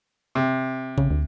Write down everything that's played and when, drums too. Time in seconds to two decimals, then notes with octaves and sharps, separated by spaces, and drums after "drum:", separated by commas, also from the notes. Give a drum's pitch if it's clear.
0.35 C3
0.98 C#3, drum: kick G#1
1.11 D2